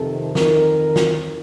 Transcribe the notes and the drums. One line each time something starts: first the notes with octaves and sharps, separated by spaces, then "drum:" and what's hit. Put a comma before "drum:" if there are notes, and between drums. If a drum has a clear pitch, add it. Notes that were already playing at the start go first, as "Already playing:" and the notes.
Already playing: F2 C3 D#3 A4
F2 D#3 A#4, drum: snare
drum: snare